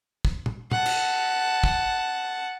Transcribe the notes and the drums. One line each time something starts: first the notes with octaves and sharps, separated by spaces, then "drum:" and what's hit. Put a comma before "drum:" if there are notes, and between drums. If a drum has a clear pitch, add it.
drum: kick
drum: tom
F#5 A5, drum: tom
drum: cymbal
drum: kick